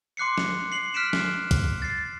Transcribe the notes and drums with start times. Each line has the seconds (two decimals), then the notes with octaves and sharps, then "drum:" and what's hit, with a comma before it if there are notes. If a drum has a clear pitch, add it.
0.17 C6 D6 F#6 C7 C#7
0.38 drum: snare
0.72 C7 F#7
0.94 F6 F#6 B6 C7 D7 E7
1.13 drum: snare
1.51 drum: kick, hi-hat
1.82 A6 C7